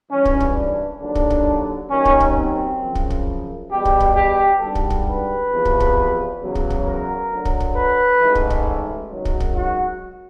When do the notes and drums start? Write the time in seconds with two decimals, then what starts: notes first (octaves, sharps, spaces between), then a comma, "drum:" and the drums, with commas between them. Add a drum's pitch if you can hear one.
0.10 G#1 G2 E3 C#4
0.25 drum: kick
0.40 drum: kick
0.55 D4
1.01 D#2 D3 F#3 D4
1.15 drum: kick
1.30 drum: kick
1.90 D#2 D#3 F#3 C#4
2.05 drum: kick
2.20 drum: kick
2.35 C4
2.80 F#2 C#3 F3
2.95 drum: kick
3.10 drum: kick
3.70 E2 B2 G3 G4
3.85 drum: kick
4.00 drum: kick
4.15 G4
4.61 G#1 G2 D3 G3 A4
4.75 drum: kick
4.90 drum: kick
5.06 B4
5.51 E2 C3 F3
5.65 drum: kick
5.80 drum: kick
6.40 E2 C#3 F#3
6.55 drum: kick
6.70 drum: kick
6.86 A#4
7.31 D2 D3 F#3
7.45 drum: kick
7.60 drum: kick
7.75 B4
8.20 A1 G#2 E3
8.35 drum: kick
8.50 drum: kick
9.10 G#1 F#2 D#3 F#3
9.25 drum: kick
9.40 drum: kick
9.55 F#4